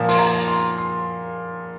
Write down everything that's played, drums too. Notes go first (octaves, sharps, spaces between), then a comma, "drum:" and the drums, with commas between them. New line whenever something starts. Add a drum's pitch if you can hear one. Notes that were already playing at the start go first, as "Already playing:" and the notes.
Already playing: A#2 F3
C6, drum: open hi-hat
A#5
C6
C6